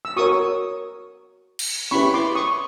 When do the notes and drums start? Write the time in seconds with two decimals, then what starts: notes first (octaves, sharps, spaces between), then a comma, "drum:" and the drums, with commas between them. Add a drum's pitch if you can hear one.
0.05 E6
0.16 F#4 A#4 C#5 C#6 D#6
1.59 drum: cymbal
1.91 C#4 E4 G4 B4 B5 C#6
2.14 C6 D6
2.35 C#6 D#6